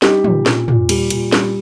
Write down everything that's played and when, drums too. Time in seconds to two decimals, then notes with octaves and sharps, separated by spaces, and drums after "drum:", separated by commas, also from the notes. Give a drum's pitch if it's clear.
0.02 G3 D#4 G4, drum: snare
0.24 A#2, drum: tom
0.46 A#2, drum: snare
0.68 A#2, drum: tom
0.89 G3, drum: cymbal
1.10 A#2, drum: cymbal
1.32 G3, drum: snare